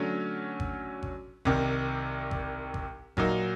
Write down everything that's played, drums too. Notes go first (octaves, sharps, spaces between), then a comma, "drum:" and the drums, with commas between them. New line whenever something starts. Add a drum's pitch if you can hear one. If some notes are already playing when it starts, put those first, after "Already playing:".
Already playing: D3 F#3 A3 C#4
drum: kick G#1
drum: kick G#1
C2 C3 D#3, drum: kick G#1
drum: kick G#1
drum: kick G#1
A#2 F#3 A#3 D#4, drum: kick G#1